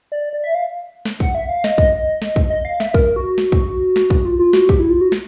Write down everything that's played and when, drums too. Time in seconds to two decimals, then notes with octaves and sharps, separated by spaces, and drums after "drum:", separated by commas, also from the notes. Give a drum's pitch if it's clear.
0.12 D5
0.33 D5
0.44 E5
0.54 F5
1.05 drum: snare
1.20 F#5, drum: kick
1.35 E5
1.49 F5
1.64 D#5, drum: snare
1.78 drum: kick
2.22 drum: snare
2.36 drum: kick
2.50 D#5
2.65 F5
2.80 E5, drum: snare
2.94 A#4, drum: kick
3.16 F#4
3.38 drum: snare
3.52 drum: kick
3.96 drum: snare
4.10 drum: kick
4.25 F4
4.39 F4
4.53 F#4, drum: snare
4.69 G4, drum: kick
4.79 E4
4.90 F4
5.01 F#4
5.12 drum: snare